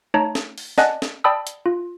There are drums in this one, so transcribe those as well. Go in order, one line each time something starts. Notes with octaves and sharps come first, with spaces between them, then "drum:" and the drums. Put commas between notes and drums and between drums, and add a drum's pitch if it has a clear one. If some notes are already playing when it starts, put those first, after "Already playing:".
A3 D#4 C#5 A5 A#5
drum: snare
drum: open hi-hat
D5 D#5 F#5 G#5 A5 F#6, drum: snare
drum: snare
D5 G5 A5 B5 D#6 E6
drum: hi-hat
F4